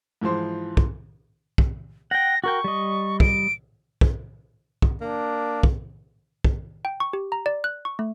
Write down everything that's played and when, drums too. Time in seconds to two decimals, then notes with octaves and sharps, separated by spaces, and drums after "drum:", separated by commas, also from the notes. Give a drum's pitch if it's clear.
0.22 G#2 E3 F3 C5 C6
0.77 drum: kick
1.58 drum: kick
2.11 F#5 G5 A#6
2.44 F#4 A#4 G5 C#6
2.64 G3 D#5
3.20 D7, drum: kick
4.01 drum: kick
4.82 drum: kick
5.01 A#3 D4
5.63 drum: kick
6.44 drum: kick
6.85 G5
7.00 C#6
7.13 G4
7.32 A#5
7.46 D5
7.64 F#6
7.85 C#6
7.99 A3